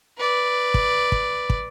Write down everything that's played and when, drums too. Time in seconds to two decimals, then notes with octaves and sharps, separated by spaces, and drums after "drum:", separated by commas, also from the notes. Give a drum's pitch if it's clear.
0.18 B4 D5
0.74 drum: kick
1.12 drum: kick
1.50 drum: kick